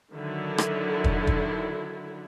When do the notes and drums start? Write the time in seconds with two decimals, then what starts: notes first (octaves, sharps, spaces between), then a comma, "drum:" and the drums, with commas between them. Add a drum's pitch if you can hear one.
0.12 D3 D#3 F#3 E4
0.58 drum: rim click
1.04 drum: kick
1.27 drum: kick